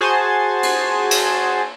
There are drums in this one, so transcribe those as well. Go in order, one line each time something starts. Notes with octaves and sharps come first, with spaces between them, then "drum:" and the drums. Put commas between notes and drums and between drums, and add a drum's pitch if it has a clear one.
F#4 G#4 C5 G#5 A5 C6
drum: cymbal
drum: cymbal